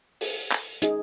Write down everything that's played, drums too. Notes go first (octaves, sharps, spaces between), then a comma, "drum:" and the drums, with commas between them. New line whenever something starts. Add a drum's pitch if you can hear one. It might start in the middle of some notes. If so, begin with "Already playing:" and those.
drum: open hi-hat
drum: clap
D#4 G#4 D#5, drum: hi-hat